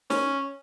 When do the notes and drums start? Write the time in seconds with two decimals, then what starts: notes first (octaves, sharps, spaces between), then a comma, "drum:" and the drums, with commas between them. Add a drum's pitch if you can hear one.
0.10 C#4, drum: snare